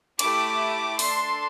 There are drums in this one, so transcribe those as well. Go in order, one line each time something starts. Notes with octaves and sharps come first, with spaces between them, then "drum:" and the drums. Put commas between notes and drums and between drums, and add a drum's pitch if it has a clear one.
A3 E4 G4 D6, drum: cymbal
D4 A4 C6, drum: open hi-hat